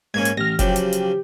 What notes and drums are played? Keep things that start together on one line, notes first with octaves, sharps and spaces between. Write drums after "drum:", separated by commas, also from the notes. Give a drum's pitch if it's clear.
G#2 A#3 C#4 G#6
drum: hi-hat
A1 F6 A#6
C#3 F3 F#3 G4, drum: kick F1, hi-hat
drum: hi-hat
drum: hi-hat